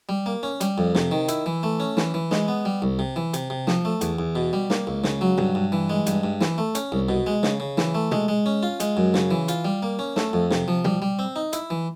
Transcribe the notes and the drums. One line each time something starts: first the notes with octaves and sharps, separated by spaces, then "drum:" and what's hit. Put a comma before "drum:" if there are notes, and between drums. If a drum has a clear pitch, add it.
G3
A#3
C#4
G3, drum: hi-hat
F2
C3, drum: snare
D#3
E4, drum: hi-hat
E3
A3
C#4
E3, drum: snare
E3
G#3, drum: snare
B3
G3
C2
C3
E3
C3, drum: hi-hat
C3
F3, drum: snare
A3
E2, drum: hi-hat
E2
B2
G3
A#3, drum: snare
C#2
C#3, drum: snare
F#3
G2, drum: tom
G2
E3
G#3
G2, drum: hi-hat
G2
E3, drum: snare
A3
C#4, drum: hi-hat
C2
B2
G#3
C#3, drum: snare
C#3
E3, drum: snare
A3
G#3, drum: tom
G#3
C#4
F4
G#3, drum: hi-hat
F#2
C#3, drum: snare
E3
F4, drum: hi-hat
G3
A#3
C#4
A3, drum: snare
F2
C3, drum: snare
F3
G3, drum: tom
G3
C4
D#4
E4, drum: hi-hat
E3